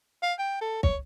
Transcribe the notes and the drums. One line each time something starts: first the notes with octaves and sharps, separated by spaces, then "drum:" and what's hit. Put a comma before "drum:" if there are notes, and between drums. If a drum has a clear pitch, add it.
F5
G5
A4
C#5, drum: kick